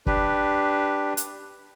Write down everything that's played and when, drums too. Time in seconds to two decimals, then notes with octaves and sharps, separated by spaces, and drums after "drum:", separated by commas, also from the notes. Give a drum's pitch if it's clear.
0.07 D4 G4 B4, drum: kick
1.17 drum: hi-hat